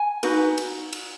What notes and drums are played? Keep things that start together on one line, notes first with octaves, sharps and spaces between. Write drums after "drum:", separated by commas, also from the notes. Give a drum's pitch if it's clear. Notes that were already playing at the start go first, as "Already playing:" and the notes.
Already playing: G#5
D#4 F#4 B4, drum: cymbal
drum: cymbal
drum: cymbal